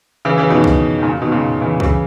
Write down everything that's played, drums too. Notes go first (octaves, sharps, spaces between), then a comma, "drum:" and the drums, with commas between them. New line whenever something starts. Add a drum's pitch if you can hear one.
C#3 E3
C#3 E3
B2 D#3
drum: kick
D#3
A#2 C#3
B2 D#3
A#2 C#3
C#3 E3
C#3 E3, drum: kick